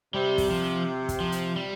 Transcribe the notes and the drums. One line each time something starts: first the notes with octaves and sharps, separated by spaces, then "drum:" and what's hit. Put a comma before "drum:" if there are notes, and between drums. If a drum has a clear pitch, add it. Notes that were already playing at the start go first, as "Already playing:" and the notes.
C3 G3
drum: kick, open hi-hat
F3
drum: kick, hi-hat
F3
drum: hi-hat
G3